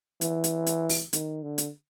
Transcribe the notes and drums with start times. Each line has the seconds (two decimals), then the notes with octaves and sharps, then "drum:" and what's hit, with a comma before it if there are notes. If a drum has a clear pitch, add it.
0.21 E3, drum: hi-hat
0.44 drum: hi-hat
0.67 drum: hi-hat
0.89 drum: open hi-hat
1.13 D#3, drum: hi-hat
1.43 D3
1.58 drum: hi-hat